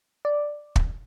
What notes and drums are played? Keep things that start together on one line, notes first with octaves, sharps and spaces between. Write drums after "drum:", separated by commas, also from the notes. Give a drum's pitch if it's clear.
D5
drum: kick